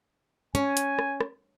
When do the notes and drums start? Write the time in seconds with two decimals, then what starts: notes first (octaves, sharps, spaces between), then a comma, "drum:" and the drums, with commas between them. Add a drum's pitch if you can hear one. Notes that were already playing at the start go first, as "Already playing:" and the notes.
0.55 C#4 G#5, drum: hi-hat
0.77 drum: hi-hat
0.99 drum: rim click
1.21 drum: rim click